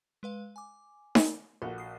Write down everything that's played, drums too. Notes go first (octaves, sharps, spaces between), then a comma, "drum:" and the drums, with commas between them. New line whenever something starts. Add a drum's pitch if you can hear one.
G#3 B4 F5
G#5 D6
drum: snare D#4
A#1 F#4 A4
D#6 C7